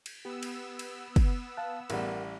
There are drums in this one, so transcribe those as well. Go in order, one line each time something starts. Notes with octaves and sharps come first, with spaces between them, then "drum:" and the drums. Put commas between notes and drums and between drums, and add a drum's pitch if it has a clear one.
drum: cymbal
B3 G4 E6
drum: cymbal
drum: cymbal
drum: kick, cymbal
F5 A5 F#6
A1 G3 A#4 F#5, drum: cymbal